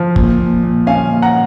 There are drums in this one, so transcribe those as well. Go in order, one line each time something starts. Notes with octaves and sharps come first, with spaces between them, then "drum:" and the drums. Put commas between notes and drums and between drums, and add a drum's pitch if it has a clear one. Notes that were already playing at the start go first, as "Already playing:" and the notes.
Already playing: F3
A#2, drum: kick F#1
A#2
A#2
C#4 F5 G#5
A#2
F#5 A#5